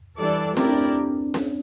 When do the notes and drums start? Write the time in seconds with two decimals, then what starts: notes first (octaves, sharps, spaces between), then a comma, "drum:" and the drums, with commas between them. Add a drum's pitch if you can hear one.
0.17 E3 G3 D4 A4 D5
0.57 A3 C4 E4 G4 A#4 D5, drum: snare C#4
0.69 D4
1.34 drum: snare C#4